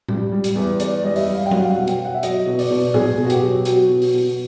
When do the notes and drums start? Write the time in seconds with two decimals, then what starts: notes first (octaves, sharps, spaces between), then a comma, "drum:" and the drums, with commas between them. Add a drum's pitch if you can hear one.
0.08 G3, drum: tom A2
0.32 G3
0.44 drum: hi-hat
0.55 E2
0.80 E2 D5, drum: hi-hat
1.03 G3 D#5
1.16 E5, drum: open hi-hat
1.28 G3
1.34 F5
1.46 G5
1.51 F#3 F#5, drum: tom F#3
1.61 F5
1.69 F#5
1.76 B2
1.87 G5, drum: hi-hat
1.99 F#3
2.05 F#5
2.14 E5
2.23 F#3 D#5, drum: hi-hat
2.46 B2
2.59 D5, drum: open hi-hat
2.70 B2
2.94 B2 G#4, drum: tom A2
3.18 B2
3.25 F#4
3.30 G4, drum: hi-hat
3.42 F#3
3.65 F#3 F#4, drum: hi-hat
3.89 B2
4.02 drum: open hi-hat
4.14 B2